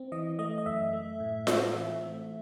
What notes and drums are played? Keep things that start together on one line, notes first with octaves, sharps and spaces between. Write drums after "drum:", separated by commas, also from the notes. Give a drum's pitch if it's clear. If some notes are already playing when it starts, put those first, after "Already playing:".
Already playing: C4
E3 D#5
A3 D#5
D#5
F#2 E5
A3
A2
C4, drum: snare F4
E3 E5
A3